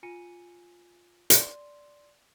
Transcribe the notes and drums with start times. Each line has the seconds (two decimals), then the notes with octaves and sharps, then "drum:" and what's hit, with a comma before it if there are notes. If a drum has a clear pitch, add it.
0.03 F4 G#5 C#7 D#7
1.30 D5 C6, drum: hi-hat